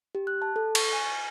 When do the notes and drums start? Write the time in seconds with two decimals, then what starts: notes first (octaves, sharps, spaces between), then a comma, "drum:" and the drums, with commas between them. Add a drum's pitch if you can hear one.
0.15 G4
0.27 F#6
0.42 A5
0.56 A4
0.75 C#6, drum: cymbal
0.93 G#5